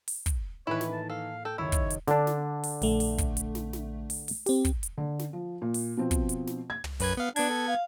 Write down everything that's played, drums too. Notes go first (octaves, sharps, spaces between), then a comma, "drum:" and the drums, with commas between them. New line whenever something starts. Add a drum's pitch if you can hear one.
drum: open hi-hat
drum: kick, hi-hat
A2 D#3 E3 A#3 E4 B4 C#5 D#7
drum: snare
A5
A4 F5
A4 A#4 G5
C#2 F#2 D#3 E4 C#5 E6
drum: kick, hi-hat
drum: hi-hat
D3 D4, drum: snare
drum: snare
drum: open hi-hat
A#1 A3, drum: open hi-hat
drum: open hi-hat
drum: kick, hi-hat
drum: hi-hat
drum: snare
drum: snare
drum: open hi-hat
drum: open hi-hat
C4 G4, drum: open hi-hat
drum: kick, hi-hat
drum: hi-hat
D3
drum: snare
F3
A#2
drum: open hi-hat
B2 F3 C4
drum: kick, hi-hat
drum: hi-hat
drum: snare
G#6
drum: tom
F#2 B4 G#6, drum: open hi-hat
B3 F5
B3 D4 G#6, drum: open hi-hat
A4
F5